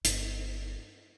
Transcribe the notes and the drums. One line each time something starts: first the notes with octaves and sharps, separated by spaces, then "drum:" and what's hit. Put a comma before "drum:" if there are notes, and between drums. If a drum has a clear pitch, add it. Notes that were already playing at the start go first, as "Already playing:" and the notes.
G1, drum: hi-hat